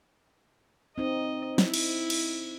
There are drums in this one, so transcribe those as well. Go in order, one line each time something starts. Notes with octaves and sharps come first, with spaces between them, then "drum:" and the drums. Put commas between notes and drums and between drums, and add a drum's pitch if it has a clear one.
C4 D#4 D#5
E4, drum: snare
drum: cymbal
drum: cymbal